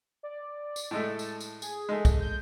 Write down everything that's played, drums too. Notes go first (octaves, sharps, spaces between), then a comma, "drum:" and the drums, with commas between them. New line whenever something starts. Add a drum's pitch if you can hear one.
D5
drum: tambourine
A2 G#3 A3 A5
drum: tambourine
drum: tambourine
G#4, drum: tambourine
G#3 A3
drum: kick B1, tambourine
G6